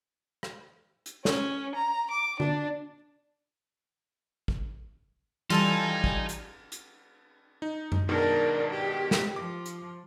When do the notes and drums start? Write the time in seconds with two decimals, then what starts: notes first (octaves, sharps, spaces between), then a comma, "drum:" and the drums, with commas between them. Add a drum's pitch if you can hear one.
0.43 drum: rim click
1.06 drum: hi-hat
1.25 C#4, drum: snare
1.75 A#5
2.11 D6
2.40 D4, drum: tom D3
4.48 drum: kick
5.50 E3 G3 D#4 F4 A4 G#5 A5, drum: cymbal
6.04 drum: kick
6.29 drum: hi-hat
6.72 drum: hi-hat
7.62 D#4
7.92 drum: tom F#2
8.09 G#2 B2 D#3 D4 A#4
8.69 G4
9.11 drum: snare
9.36 F3 D6
9.66 drum: hi-hat